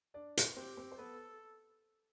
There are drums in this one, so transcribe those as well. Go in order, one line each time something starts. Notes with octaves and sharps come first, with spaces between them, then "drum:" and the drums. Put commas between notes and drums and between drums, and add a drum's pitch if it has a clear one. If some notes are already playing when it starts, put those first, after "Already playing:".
D4 D5
drum: hi-hat
C4 G4 C5
C4 C5
C5
B3 A4 B4